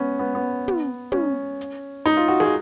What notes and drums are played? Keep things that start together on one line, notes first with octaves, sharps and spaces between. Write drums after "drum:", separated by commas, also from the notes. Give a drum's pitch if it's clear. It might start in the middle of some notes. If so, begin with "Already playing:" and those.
Already playing: B3 C#4
B3
B3
drum: tom
C#4, drum: tom
drum: hi-hat
D#4
F4
F#4
G#4, drum: snare
F#4